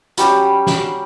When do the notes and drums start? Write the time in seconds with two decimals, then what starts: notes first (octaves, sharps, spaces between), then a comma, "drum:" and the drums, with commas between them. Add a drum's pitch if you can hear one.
0.17 F#3 G3 C#4 G4, drum: hi-hat
0.67 drum: snare